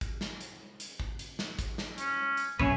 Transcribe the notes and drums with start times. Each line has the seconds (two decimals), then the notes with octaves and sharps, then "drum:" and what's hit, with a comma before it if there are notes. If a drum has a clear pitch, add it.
0.01 drum: kick, hi-hat
0.21 drum: snare
0.41 drum: hi-hat
0.80 drum: hi-hat
1.00 drum: kick
1.19 drum: hi-hat
1.39 drum: snare
1.59 drum: kick, hi-hat
1.78 drum: snare
1.98 C#4, drum: hi-hat
2.37 drum: hi-hat
2.59 B1 F2 A#2 C#4 G#4 B4 C#5 E5, drum: kick